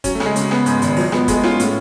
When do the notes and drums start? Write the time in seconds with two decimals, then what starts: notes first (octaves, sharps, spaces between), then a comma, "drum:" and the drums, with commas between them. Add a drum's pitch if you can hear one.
0.04 F#3 C#4, drum: kick, hi-hat
0.15 A3
0.20 C#3, drum: rim click
0.26 G#3
0.36 C#3, drum: hi-hat
0.51 B3, drum: rim click
0.66 G#2, drum: hi-hat
0.82 G#1, drum: hi-hat
0.97 F3 F#3, drum: open hi-hat
1.12 G#3 B3, drum: rim click
1.28 G#3 A3, drum: kick, hi-hat
1.43 C#4 F4, drum: rim click
1.60 A2 C#4, drum: hi-hat